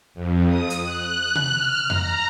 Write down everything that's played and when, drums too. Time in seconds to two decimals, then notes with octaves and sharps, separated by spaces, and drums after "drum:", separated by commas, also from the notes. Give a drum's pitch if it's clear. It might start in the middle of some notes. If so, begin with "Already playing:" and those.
0.14 F2
0.47 D#6
0.70 drum: hi-hat
0.83 F#6
1.35 drum: tom C3
1.52 F6
1.90 A#5, drum: tom F2